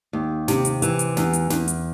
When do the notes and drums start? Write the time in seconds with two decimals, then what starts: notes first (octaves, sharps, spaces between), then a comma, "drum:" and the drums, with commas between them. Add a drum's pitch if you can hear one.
0.13 D#2
0.48 C3, drum: snare
0.65 drum: hi-hat
0.82 E3, drum: hi-hat
0.99 drum: hi-hat
1.17 E2, drum: snare
1.33 drum: hi-hat
1.50 E2, drum: snare
1.68 drum: hi-hat